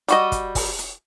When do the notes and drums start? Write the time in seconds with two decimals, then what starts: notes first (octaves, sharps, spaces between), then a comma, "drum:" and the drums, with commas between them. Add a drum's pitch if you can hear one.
0.08 G3 F#4 D#5, drum: hi-hat
0.32 drum: kick, hi-hat
0.55 drum: kick, open hi-hat
0.79 drum: hi-hat